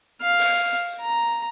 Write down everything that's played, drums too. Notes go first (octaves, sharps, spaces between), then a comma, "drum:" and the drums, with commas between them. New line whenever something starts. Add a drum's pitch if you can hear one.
F5
drum: open hi-hat
A#5